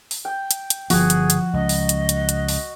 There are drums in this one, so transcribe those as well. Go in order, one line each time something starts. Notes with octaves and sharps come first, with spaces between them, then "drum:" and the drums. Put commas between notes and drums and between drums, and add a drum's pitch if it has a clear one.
drum: open hi-hat
G5
drum: hi-hat
drum: hi-hat
G1 F3 B3 F#4 G#4, drum: open hi-hat
drum: hi-hat
drum: hi-hat
C#2 D#5
drum: open hi-hat
drum: hi-hat
drum: hi-hat
drum: hi-hat
drum: open hi-hat